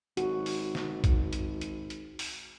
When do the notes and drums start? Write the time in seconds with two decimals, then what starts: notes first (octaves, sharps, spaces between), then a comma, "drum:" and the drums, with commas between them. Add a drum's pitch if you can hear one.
0.17 G#1 F#4, drum: hi-hat
0.46 drum: open hi-hat
0.75 drum: snare
1.04 drum: kick A#1, hi-hat
1.33 drum: hi-hat
1.61 drum: hi-hat
1.90 drum: hi-hat
2.19 drum: open hi-hat